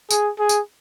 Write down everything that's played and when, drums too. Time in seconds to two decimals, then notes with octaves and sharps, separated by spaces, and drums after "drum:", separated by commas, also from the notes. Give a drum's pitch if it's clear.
0.11 G#4, drum: tambourine
0.39 G#4
0.49 drum: tambourine